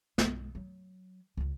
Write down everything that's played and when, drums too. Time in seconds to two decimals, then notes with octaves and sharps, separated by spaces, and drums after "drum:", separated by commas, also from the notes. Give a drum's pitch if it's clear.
0.18 B1 G#3, drum: snare
0.55 F#3
1.37 C#2 F#2